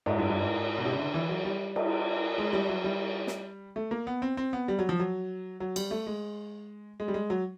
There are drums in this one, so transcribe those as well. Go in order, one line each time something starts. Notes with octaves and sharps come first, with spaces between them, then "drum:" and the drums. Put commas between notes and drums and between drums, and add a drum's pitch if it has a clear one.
G#2, drum: cymbal
G2
G2
G#2
B2
C3
C#3
D3
E3
F#3
G3
drum: cymbal
G#3
G3
F#3
G3
drum: snare
A3
A#3
B3
C4
C4
B3
G3
F#3
F3
F#3
F#3
G3, drum: cymbal
A3
G#3
G#3
G3
G#3
F#3